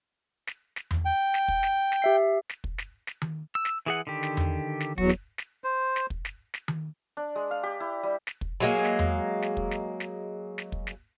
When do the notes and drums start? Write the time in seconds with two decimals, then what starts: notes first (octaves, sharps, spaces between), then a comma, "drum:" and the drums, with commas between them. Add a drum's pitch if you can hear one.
0.47 drum: snare
0.76 drum: snare
0.91 drum: tom E2
1.05 G5
1.34 drum: snare
1.48 drum: kick
1.63 drum: snare
1.92 drum: snare
2.02 G4 E5 C7
2.49 drum: snare
2.64 drum: kick
2.78 drum: snare
3.07 drum: snare
3.22 drum: tom D#3
3.55 E6
3.65 drum: snare
3.86 E3 G#4 F#5
4.07 D3 D#3 G4
4.23 drum: snare
4.37 drum: tom E2
4.80 drum: snare
4.98 E2 F#3 F#4, drum: kick
5.09 drum: snare
5.38 drum: snare
5.64 C5
5.96 drum: snare
6.10 drum: kick
6.25 drum: snare
6.54 drum: snare
6.68 drum: tom D#3
7.17 D4
7.35 G#3
7.51 F5
7.63 G4
7.80 E4
8.03 G3
8.27 drum: snare
8.41 drum: kick
8.60 F#3 G#3 A#3
8.85 drum: snare
8.99 drum: tom E2
9.42 drum: snare
9.57 drum: kick
9.71 drum: snare
10.00 drum: snare
10.58 drum: snare
10.72 drum: kick
10.87 drum: snare